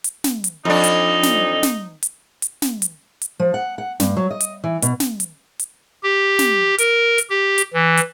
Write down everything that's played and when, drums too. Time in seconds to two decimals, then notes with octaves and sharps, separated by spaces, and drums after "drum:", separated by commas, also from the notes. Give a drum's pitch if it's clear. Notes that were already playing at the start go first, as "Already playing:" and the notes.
0.04 drum: hi-hat
0.24 drum: snare
0.44 drum: hi-hat
0.65 F2 D4 D#4
0.84 drum: hi-hat
1.23 drum: snare
1.63 drum: snare
2.03 drum: hi-hat
2.42 drum: hi-hat
2.62 drum: snare
2.82 drum: hi-hat
3.22 drum: hi-hat
3.40 F3
3.54 F#5
3.78 F#5
4.00 G2, drum: snare
4.17 F#3
4.31 D#5
4.40 drum: hi-hat
4.64 E3
4.82 B2, drum: hi-hat
5.00 drum: snare
5.20 drum: hi-hat
5.59 drum: hi-hat
6.03 G4
6.39 drum: snare
6.78 A#4, drum: hi-hat
7.18 drum: hi-hat
7.30 G4
7.58 drum: hi-hat
7.73 E3
7.97 drum: hi-hat